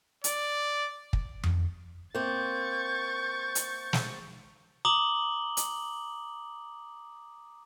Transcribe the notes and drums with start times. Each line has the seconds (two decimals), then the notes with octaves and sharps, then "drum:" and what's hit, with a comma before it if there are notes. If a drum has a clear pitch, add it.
0.24 D5, drum: hi-hat
1.13 drum: kick
1.44 drum: tom F2
2.15 A#3 C4 C#6 G6 A6
3.55 drum: hi-hat
3.93 drum: snare
4.85 A#5 D6 D#6 F#7 G7
5.57 drum: hi-hat